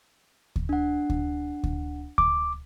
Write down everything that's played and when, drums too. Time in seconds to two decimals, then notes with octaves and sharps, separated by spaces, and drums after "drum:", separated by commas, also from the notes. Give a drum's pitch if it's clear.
0.56 drum: kick D2
0.69 D4 F#5
1.10 drum: kick D2
1.63 drum: kick D2
2.18 D6, drum: kick D2